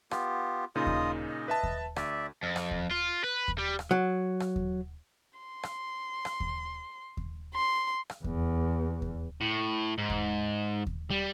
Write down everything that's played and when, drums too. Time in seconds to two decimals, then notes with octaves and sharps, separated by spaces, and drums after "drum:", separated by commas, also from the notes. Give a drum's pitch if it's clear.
0.11 B3 F4 G4, drum: rim click
0.76 A#2 C#3 D#4 F4 D#5 D#6
0.86 drum: kick D#2
1.29 D#5
1.48 B4 E5 A5
1.63 drum: kick D#2
1.96 D2 D5 E5, drum: rim click
2.43 F2
2.56 drum: rim click
2.71 drum: kick D#2
2.91 F4
3.24 B4
3.48 drum: kick D#2
3.58 G3
3.79 drum: rim click
3.91 F#3
4.40 drum: rim click
4.56 drum: kick D#2
5.39 C6
5.63 drum: rim click
6.25 drum: rim click
6.40 drum: kick D#2
7.17 drum: kick D#2
7.55 C6
8.10 drum: rim click
8.24 E2, drum: kick D#2
9.02 drum: kick D#2
9.41 A2
9.98 G#2
10.10 drum: kick D#2
10.86 drum: kick D#2
11.11 G3